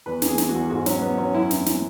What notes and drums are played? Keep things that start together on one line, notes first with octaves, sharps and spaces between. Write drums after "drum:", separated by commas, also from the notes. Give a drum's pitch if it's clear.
E2 B4
E2, drum: snare
G#4
E3, drum: snare
F#4
E2
G#2 F#4
F#3 C#4, drum: snare
F#3 B3
F#3 C#4
F#2 E4
E3, drum: snare
E3, drum: snare